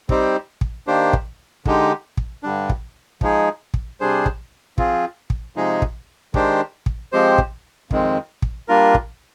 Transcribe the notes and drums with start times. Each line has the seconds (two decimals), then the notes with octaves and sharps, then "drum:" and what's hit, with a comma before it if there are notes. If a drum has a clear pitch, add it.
0.09 G3 C4 D#4 G4 C5, drum: kick
0.61 drum: kick
0.87 D#3 A#3 D4 G4 C5
1.13 drum: kick
1.66 D3 G#3 D#4 G4, drum: kick
2.17 drum: kick
2.43 G2 D3 G3 D4
2.70 drum: kick
3.21 F3 G#3 D#4 G#4, drum: kick
3.74 drum: kick
4.00 C3 G3 D4 G#4 C5
4.26 drum: kick
4.78 F3 C4 F4 G#4, drum: kick
5.30 drum: kick
5.56 C3 F3 G#3 D#4 G#4
5.82 drum: kick
6.34 D#3 G#3 D4 G4 C5, drum: kick
6.86 drum: kick
7.12 F3 G#3 C4 G4 C5
7.38 drum: kick
7.91 F2 D#3 G#3 C4, drum: kick
8.42 drum: kick
8.68 G3 A#3 D4 F4 A#4
8.94 drum: kick